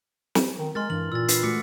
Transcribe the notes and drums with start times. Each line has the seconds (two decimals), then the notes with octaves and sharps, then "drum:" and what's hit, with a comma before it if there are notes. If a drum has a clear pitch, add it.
0.35 drum: snare
0.58 D#3
0.75 G#3 A#4 C6 F6 A6
0.90 G2 E3 F#7
1.12 A#2 E6 A6
1.29 D4 B4 C7, drum: hi-hat
1.43 G#3 A3 F#4 D6 B6 C#7